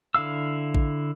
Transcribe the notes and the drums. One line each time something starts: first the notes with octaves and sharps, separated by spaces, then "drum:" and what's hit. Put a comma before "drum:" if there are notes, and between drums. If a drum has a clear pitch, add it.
D3 E4 F5 E6
drum: kick A1